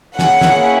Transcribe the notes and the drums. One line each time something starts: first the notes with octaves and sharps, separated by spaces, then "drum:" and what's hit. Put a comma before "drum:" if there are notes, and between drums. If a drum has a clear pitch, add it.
A#3 C#4 E4 G#4 F#5, drum: snare
drum: snare